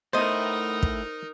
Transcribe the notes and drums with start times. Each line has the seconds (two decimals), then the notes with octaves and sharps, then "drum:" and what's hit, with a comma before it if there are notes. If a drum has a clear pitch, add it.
0.13 A3 B3 D#4 E4 A#4 C5 D#5
0.83 drum: kick